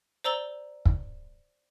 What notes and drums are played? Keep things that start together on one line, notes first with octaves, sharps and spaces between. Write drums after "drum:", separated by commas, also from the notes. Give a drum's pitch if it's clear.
C5 D5 A#5 E6 F#7 G7
drum: kick